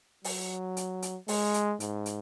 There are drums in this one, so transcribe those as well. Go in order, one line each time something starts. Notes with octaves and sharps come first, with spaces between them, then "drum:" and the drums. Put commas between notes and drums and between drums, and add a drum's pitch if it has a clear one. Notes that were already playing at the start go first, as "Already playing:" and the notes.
F#3, drum: open hi-hat
drum: hi-hat
drum: hi-hat
G#3, drum: open hi-hat
drum: hi-hat
G#2, drum: hi-hat
drum: hi-hat